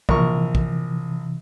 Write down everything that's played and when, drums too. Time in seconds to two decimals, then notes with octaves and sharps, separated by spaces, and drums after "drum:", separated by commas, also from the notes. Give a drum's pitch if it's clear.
0.09 A#1 C3 E3 A#4 C#6, drum: kick
0.55 drum: kick